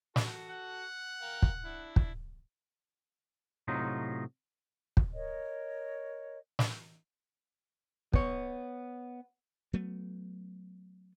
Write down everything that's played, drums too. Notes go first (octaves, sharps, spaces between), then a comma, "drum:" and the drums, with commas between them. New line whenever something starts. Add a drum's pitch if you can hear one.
F#4 A4, drum: snare
F#5
A#4 F5 G5
drum: kick
D4 E4
drum: kick
A2 C3 F#3 D#4 F4
drum: kick
A#4 C#5 D#5
drum: snare
B3 C#5, drum: kick
F#3 A3 B3